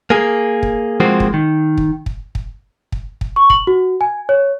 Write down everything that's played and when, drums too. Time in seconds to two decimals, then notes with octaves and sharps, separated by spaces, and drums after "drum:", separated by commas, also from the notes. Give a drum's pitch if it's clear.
0.10 A#3 G#4
0.63 drum: kick
1.00 F3 G#3 A#3 C4 F4 F#4
1.20 drum: kick
1.34 D#3
1.78 drum: kick
2.06 drum: kick
2.35 drum: kick
2.92 drum: kick
3.21 drum: kick
3.36 C#6
3.50 F#7, drum: kick
3.67 F#4
4.01 G#5
4.29 C#5